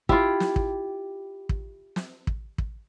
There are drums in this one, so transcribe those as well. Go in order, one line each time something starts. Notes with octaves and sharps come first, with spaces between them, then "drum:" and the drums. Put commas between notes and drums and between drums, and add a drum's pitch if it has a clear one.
E4 F4 G4, drum: kick
drum: snare
drum: kick
drum: kick
drum: snare
drum: kick
drum: kick